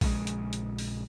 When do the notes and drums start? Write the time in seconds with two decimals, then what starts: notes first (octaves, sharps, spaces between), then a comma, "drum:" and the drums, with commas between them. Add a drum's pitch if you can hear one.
0.01 A#1 C#3 G#3, drum: kick A#1, open hi-hat
0.27 drum: hi-hat
0.53 drum: hi-hat
0.78 drum: open hi-hat